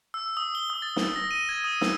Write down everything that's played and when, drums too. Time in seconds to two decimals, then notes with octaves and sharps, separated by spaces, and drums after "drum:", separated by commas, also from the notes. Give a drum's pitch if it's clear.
0.14 E6
0.37 D#6
0.55 G7
0.70 D#6
0.82 A6
0.96 E6, drum: snare
1.16 A#6
1.31 D#7
1.49 G#6
1.64 D#6
1.81 E6, drum: snare